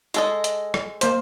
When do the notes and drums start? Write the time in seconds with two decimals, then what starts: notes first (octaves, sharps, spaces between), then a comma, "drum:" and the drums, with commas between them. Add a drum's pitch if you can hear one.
0.14 G#3 A4 D#5, drum: hi-hat
0.44 drum: hi-hat
0.74 drum: rim click
1.01 A#3 C5, drum: hi-hat